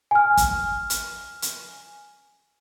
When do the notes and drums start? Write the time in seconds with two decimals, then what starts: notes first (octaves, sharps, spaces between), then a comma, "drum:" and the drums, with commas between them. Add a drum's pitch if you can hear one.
0.11 G#5 F6
0.37 drum: kick, hi-hat
0.90 drum: hi-hat
1.42 drum: hi-hat